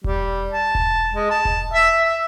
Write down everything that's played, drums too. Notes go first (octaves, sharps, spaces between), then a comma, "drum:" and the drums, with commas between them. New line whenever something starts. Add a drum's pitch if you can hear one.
G3, drum: kick E1
A5
drum: kick E1
G#3
A5
drum: kick E1
E5
E5